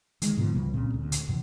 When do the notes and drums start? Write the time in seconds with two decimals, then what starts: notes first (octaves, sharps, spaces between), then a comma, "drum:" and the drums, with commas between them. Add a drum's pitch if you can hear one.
0.22 D#3 G#3, drum: hi-hat
0.37 G#2 B2 D3 F3
0.54 C#2 C#3 G3 A#3
0.74 A#2 C#3 C4
0.94 D2
1.12 drum: hi-hat
1.28 F#2 C3 E3